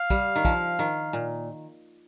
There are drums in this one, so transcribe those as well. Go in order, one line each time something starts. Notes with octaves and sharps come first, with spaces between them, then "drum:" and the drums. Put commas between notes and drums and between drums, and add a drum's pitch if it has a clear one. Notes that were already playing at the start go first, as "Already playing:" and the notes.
Already playing: F5
G3, drum: kick
D#3
F3, drum: kick
D#3
A#2